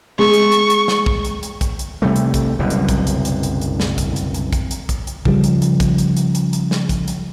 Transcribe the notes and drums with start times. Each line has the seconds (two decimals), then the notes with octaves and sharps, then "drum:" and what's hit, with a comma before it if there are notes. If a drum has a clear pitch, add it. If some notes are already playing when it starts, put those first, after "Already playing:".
0.19 G#3 C#6
0.33 drum: hi-hat
0.52 drum: hi-hat
0.70 drum: hi-hat
0.88 drum: snare
1.06 drum: kick
1.25 drum: hi-hat
1.43 drum: hi-hat
1.61 drum: kick, hi-hat
1.79 drum: hi-hat
2.02 C3 G3 A3
2.16 drum: hi-hat
2.34 drum: kick, hi-hat
2.59 F#1 C2 F#2 B2
2.70 drum: hi-hat
2.89 drum: kick, hi-hat
3.07 drum: hi-hat
3.25 drum: hi-hat
3.43 drum: hi-hat
3.61 drum: hi-hat
3.80 drum: snare
3.98 drum: kick, hi-hat
4.16 drum: hi-hat
4.34 drum: hi-hat
4.53 drum: kick, hi-hat
4.71 drum: hi-hat
4.89 drum: kick, hi-hat
5.07 drum: hi-hat
5.25 C#3 F3 G3, drum: kick
5.44 drum: hi-hat
5.62 drum: hi-hat
5.80 drum: kick, hi-hat
5.98 drum: hi-hat
6.16 drum: hi-hat
6.35 drum: hi-hat
6.53 drum: hi-hat
6.71 drum: snare
6.89 drum: kick, hi-hat
7.08 drum: hi-hat